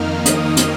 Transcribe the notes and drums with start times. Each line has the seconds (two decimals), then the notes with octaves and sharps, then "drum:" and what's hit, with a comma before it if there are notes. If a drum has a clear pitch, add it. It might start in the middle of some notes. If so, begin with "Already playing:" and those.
Already playing: F2 D#3 A#3 D#4 F6
0.25 D#6, drum: hi-hat
0.57 drum: hi-hat